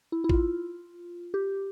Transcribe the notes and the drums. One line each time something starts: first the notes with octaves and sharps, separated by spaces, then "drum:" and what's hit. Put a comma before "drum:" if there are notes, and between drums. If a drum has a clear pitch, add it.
E4
E4
F4, drum: kick
G4